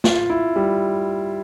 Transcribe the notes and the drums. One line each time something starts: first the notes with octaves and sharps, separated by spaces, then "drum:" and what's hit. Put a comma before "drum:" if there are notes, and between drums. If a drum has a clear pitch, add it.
F4, drum: snare
E4
G3